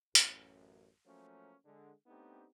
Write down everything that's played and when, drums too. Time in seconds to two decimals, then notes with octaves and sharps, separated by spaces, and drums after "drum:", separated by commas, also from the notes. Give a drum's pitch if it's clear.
0.15 A1 F#2, drum: hi-hat
1.06 F3 F#3 A3 A#3 C#4
1.65 D3 G#3
2.07 A3 B3 C4 D4 D#4 G4